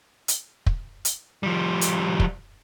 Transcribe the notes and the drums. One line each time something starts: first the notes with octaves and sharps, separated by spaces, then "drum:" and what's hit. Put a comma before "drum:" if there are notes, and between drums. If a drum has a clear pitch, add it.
drum: hi-hat
drum: kick
drum: hi-hat
F3 G3
drum: hi-hat
drum: kick